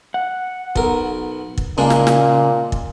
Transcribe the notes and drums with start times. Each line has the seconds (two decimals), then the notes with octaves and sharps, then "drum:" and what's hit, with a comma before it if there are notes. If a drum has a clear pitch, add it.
0.14 F#5
0.76 B1 A#4, drum: kick
1.58 drum: kick
1.78 A#2 C#3 G#3 A#3 D4
1.90 drum: snare
2.07 drum: snare
2.72 drum: kick